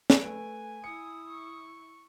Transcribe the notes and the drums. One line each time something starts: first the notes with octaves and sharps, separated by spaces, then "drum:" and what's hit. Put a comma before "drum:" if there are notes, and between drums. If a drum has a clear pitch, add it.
drum: snare
A3 B4 G#5 D7
E4 D#6 C#7
C#6